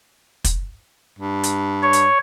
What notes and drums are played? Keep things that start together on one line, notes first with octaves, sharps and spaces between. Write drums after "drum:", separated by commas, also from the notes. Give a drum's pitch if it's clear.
drum: kick, hi-hat
G2
drum: hi-hat
C#5
drum: hi-hat